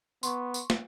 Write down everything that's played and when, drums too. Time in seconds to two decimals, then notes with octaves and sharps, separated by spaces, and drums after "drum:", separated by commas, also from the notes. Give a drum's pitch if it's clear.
0.23 B3 C6 C#6, drum: tambourine
0.54 drum: tambourine
0.70 drum: snare